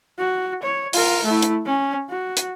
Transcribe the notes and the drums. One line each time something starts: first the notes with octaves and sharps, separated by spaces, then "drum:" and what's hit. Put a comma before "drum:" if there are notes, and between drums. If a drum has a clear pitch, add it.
F#4
C#5
F4 A#4, drum: open hi-hat
A3 E4
drum: hi-hat
C#4
F#4
drum: hi-hat